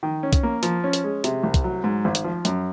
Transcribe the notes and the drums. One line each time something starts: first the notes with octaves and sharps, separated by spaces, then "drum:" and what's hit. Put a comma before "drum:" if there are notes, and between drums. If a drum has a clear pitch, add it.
D#3
C#4
drum: kick, hi-hat
A#3
F3, drum: hi-hat
C#4
drum: hi-hat
G#3
C3, drum: hi-hat
C2
drum: kick, hi-hat
F#3
G#2
G#1
drum: hi-hat
F3
F#2, drum: hi-hat